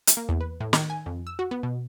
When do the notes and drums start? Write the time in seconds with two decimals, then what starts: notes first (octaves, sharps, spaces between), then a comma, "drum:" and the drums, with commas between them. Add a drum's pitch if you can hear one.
0.07 drum: hi-hat
0.17 A#3
0.29 E2
0.41 B4
0.60 A2
0.73 D#3, drum: snare
0.90 G#5
1.06 F2
1.27 E6
1.39 F#4
1.51 B3
1.63 B2